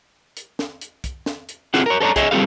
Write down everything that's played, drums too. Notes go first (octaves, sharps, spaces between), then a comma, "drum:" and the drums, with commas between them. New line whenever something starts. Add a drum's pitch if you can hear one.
drum: hi-hat
drum: snare
drum: hi-hat
drum: kick, hi-hat
drum: snare
drum: hi-hat
C4 E4 F4 G#4 F#5, drum: snare
A#4 C#5
A4 A#4 C#5 D5 A#5
G#4 C#5 D#5 E5, drum: kick, hi-hat
G3 C4 F4 G#4 A4 F5